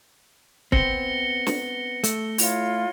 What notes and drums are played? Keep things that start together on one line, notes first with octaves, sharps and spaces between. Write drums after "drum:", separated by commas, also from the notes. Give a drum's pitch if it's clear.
B3 C4 A#6 C#7 G7, drum: kick
drum: snare
A3, drum: hi-hat
E4 F4 C#5, drum: open hi-hat